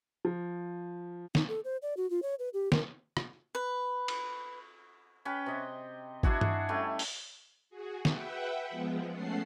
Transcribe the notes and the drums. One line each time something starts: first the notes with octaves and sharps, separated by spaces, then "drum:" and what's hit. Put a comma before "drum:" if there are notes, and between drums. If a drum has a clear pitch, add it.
F3
D#4, drum: snare
A4
C5
D5
F#4
F4
C#5
B4
G4
A#4, drum: snare
drum: rim click
B4
drum: cymbal
C#4 B4 G5
C3 D#5
D4 E4 F#4 G#4, drum: kick G#1
drum: tom G2
G3 A3 C#4
drum: open hi-hat
F#4 G#4
B4 E5 F#5 G5, drum: snare
F3 G#3 B3
A3 C#4 A4 F#5 C7